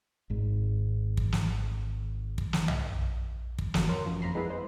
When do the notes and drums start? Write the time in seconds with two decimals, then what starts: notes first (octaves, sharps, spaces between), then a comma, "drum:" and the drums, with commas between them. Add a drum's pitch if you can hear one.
0.30 G#1 G#2
1.17 drum: kick
1.32 drum: snare
2.38 drum: kick
2.53 drum: snare
2.68 drum: tom
3.59 drum: kick
3.74 G#1 F2 F#3, drum: snare
3.89 A#4 C#5 C6
4.05 F#2 F3
4.22 F2 A#3 A#5 B5 C7
4.35 G#3 B3 E4 B4
4.50 G#3 C5